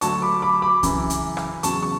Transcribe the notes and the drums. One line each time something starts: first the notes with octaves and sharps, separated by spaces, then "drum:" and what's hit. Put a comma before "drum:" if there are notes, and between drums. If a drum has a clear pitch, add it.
D2 D3 F#3 A5 C#6, drum: hi-hat
B5 D6
B5 D6
B5 D6
F#2 C#3 E3, drum: kick C2, hi-hat
drum: hi-hat
drum: rim click
E2 C#3 F#3 A5 C#6, drum: hi-hat
C#6